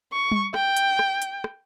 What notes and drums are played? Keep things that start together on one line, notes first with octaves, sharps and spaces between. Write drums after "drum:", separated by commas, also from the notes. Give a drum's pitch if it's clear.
C#6
drum: tom G3
G5, drum: rim click
drum: hi-hat
drum: rim click
drum: hi-hat
drum: rim click